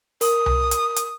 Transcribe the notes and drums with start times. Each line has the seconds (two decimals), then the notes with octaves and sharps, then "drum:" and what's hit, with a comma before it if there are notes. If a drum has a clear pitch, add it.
0.21 A#4 D#6, drum: open hi-hat
0.46 drum: tom C2
0.71 drum: hi-hat
0.96 drum: hi-hat